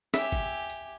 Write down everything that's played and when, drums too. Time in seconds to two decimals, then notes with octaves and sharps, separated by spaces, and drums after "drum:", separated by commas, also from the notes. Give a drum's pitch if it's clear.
0.14 G4 E5 G#5, drum: snare
0.32 drum: kick G#1, hi-hat
0.70 drum: hi-hat